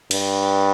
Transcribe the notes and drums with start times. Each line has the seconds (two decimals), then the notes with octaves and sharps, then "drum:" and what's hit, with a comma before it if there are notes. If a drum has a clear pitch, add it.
0.11 G2, drum: cymbal